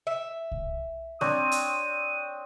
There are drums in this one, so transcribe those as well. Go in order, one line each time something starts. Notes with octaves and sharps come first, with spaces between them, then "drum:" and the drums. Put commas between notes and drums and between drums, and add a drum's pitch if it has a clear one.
E5
drum: kick C2
C4 D4 C#5 D#6, drum: snare
drum: hi-hat